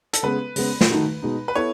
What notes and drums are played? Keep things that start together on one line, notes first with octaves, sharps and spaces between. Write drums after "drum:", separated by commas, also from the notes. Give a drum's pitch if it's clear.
A4, drum: hi-hat
C#3 G#3 B3 B4
C#3 G#3 B3, drum: open hi-hat
drum: snare
D#3 A3 D#4 F#4
B2 G#3 D#4
B4
B3 E4 A4 C#5